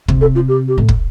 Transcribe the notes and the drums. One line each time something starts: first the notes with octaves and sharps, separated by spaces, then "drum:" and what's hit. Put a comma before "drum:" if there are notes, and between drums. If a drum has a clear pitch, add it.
C3, drum: kick
A4
F4
G4
G4
A2
drum: kick